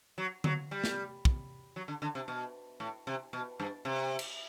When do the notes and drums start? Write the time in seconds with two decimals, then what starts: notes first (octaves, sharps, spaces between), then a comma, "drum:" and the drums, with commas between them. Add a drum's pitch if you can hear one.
0.18 F#3
0.44 F#3, drum: tom D3
0.71 G3
0.84 drum: snare
1.25 drum: kick
1.76 F#3
1.88 D3
2.02 D3
2.15 C3
2.28 B2
2.80 A2
3.07 C3
3.33 B2
3.60 G2
3.85 C3
4.19 drum: cymbal